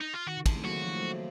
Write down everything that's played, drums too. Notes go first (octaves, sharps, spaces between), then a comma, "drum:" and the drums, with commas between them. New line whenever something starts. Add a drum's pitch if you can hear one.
D#4
F4
D#3 F#4
C#3
D#3, drum: kick, cymbal
A3 C4
F#3 A#3 F#4
D#3
F3
A3
F#3 A#3